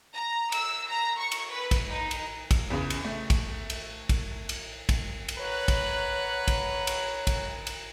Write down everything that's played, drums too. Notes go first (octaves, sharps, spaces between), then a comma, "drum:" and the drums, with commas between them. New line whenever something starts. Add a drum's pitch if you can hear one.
A#5
E6, drum: cymbal
A#5
C#6
drum: cymbal
B4
drum: kick, cymbal
D#4
drum: cymbal
drum: kick, cymbal
E2 C#3
drum: cymbal
A3
drum: kick, cymbal
drum: cymbal
drum: kick, cymbal
drum: cymbal
drum: kick, cymbal
drum: cymbal
B4 C#5 F#5 A#5
drum: kick, cymbal
drum: kick, cymbal
drum: cymbal
drum: kick, cymbal
drum: cymbal